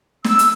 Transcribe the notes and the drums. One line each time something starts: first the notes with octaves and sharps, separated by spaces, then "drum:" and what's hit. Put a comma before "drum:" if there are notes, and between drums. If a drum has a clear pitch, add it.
E6, drum: snare
drum: hi-hat